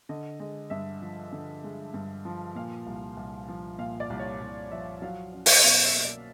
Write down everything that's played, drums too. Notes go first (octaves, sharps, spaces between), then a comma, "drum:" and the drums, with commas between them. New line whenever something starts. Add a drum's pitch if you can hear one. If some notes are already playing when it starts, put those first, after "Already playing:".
D3 D#5
G#3 D#5
G2 E5
F3
D3
G#3
G2
F3
A#2 F5
C2
C2
F3
A#2 F5
D5
C2
C#5
C2
F3 E5
F#3 F5
C#4
drum: open hi-hat
B2 F5
E5
A#3
D5